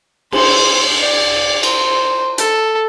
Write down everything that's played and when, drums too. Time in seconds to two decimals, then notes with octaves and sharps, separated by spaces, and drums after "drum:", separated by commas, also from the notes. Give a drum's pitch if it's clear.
0.32 C5, drum: cymbal
1.00 D5
1.63 C5, drum: cymbal
2.38 A4, drum: hi-hat